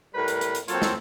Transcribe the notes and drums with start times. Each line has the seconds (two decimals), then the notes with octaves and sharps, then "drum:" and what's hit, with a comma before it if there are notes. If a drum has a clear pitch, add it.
0.15 A2 G3 A#4 B4
0.28 drum: hi-hat
0.41 drum: hi-hat
0.55 drum: hi-hat
0.68 F#3 A#3 C4 F4 A4 C#5, drum: hi-hat
0.82 drum: snare